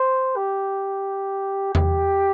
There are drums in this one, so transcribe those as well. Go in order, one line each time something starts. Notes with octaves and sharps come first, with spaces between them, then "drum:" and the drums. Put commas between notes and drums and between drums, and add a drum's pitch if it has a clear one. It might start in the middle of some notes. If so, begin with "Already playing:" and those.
Already playing: C5
G4
G4, drum: tom E2